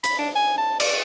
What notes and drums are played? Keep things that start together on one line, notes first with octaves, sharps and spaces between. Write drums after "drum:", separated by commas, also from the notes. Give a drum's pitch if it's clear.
B5, drum: hi-hat
D4
G#5
A5
D5, drum: cymbal